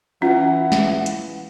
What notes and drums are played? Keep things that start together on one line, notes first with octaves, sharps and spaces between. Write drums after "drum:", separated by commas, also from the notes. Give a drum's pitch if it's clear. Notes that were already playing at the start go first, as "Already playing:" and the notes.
E3 C#4 F4 F#5
drum: snare
drum: hi-hat